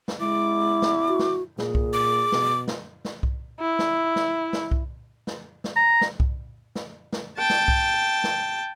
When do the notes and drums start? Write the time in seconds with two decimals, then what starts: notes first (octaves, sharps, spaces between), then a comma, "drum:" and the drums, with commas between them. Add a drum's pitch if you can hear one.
0.08 drum: snare
0.20 G#3 E4 D6
0.82 drum: snare
1.08 F#4
1.19 drum: snare
1.58 A#2 G#4, drum: snare
1.75 drum: kick C2
1.93 D6
2.32 B2, drum: snare
2.68 drum: snare
3.05 drum: snare
3.23 drum: kick C2
3.60 E4
3.79 drum: snare
4.16 drum: snare
4.53 drum: snare
4.71 drum: kick C2
5.27 drum: snare
5.64 drum: snare
5.76 A#5
6.01 drum: snare
6.20 drum: kick C2
6.75 drum: snare
7.13 drum: snare
7.38 G5 A5
7.50 drum: snare
7.68 drum: kick C2
8.24 drum: snare